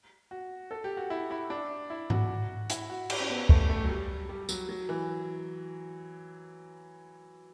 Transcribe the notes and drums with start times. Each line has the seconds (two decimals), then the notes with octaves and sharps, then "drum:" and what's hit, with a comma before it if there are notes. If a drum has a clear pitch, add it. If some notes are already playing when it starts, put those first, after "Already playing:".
0.31 F#4
0.71 A4
0.84 G4
0.97 F#4
1.10 E4
1.31 E4
1.50 D4
1.90 E4
2.10 F#4, drum: tom G#2
2.70 E4, drum: hi-hat
2.90 F#4
3.10 G4, drum: cymbal
3.20 C#4
3.30 B3
3.49 A3, drum: kick
3.69 A3
3.84 F#3
3.89 G3
4.29 G3
4.49 F#3, drum: tambourine
4.69 F#3
4.89 E3